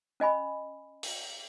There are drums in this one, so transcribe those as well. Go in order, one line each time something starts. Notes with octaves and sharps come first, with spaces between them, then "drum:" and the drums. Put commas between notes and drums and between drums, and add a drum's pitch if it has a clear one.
C#4 D#5 G#5 B5
drum: open hi-hat